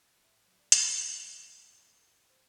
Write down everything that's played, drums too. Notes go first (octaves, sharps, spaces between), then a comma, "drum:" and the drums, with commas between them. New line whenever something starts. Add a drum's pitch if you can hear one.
A2 E5
F#3
D5
A2, drum: hi-hat
D5
F#3 E5
F#3
F#3
A2
A2
A2
C5